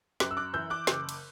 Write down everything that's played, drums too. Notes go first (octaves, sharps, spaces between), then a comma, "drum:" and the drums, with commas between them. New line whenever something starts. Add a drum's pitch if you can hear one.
F#2 D6 F#6, drum: snare
E6
D6 F#6
E3 E6 G6
D6 F#6
F#1, drum: snare
drum: cymbal